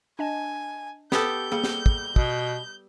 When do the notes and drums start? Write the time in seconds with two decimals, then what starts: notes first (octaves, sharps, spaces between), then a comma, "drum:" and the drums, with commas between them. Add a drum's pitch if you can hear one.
0.19 D4 D#5 G#5 A5
1.12 B3 G4 A4 G6, drum: snare
1.52 G3 A#3 G#4 C#7
1.64 drum: snare
1.86 drum: kick
2.16 B2 D#6, drum: kick